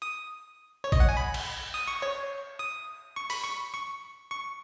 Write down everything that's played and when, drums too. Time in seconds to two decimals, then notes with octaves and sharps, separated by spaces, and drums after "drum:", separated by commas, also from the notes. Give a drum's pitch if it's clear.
0.02 D#6
0.84 C#5
0.92 D#5, drum: kick A#1
1.00 F#5
1.09 G#5
1.17 B5
1.34 drum: cymbal
1.74 D#6
1.88 C#6
2.02 C#5
2.59 D#6
3.16 C#6
3.30 B5, drum: open hi-hat
3.44 C#6
3.74 C#6
4.31 C#6